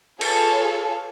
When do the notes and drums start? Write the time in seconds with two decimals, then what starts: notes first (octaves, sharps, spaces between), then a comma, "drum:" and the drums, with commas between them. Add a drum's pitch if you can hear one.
0.21 F4 G#4 A4 B4 C#5 F5, drum: cymbal